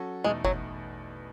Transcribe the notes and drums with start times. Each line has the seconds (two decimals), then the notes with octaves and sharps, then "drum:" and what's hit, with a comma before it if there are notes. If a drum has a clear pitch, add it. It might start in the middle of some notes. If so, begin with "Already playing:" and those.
Already playing: F#3 C#4 F#4 A4
0.24 E2 B2 G#3 A3 D#4
0.45 F#3, drum: kick F#1